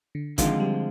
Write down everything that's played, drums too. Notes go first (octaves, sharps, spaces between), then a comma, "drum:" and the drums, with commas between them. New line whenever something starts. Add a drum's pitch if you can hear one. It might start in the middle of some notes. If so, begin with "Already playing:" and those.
D3
D3 D#3 F3 G#3 C4 F4, drum: kick A1, hi-hat
G3